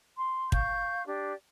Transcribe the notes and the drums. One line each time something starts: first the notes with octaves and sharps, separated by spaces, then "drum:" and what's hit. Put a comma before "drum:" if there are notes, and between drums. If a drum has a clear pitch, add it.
C6
F5 C#6 G6, drum: kick
D4 G4 D5